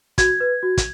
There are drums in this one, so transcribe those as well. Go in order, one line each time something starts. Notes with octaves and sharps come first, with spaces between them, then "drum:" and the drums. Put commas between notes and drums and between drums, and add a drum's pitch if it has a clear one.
F#4 G#6, drum: kick, hi-hat
B4
F#4
drum: kick, hi-hat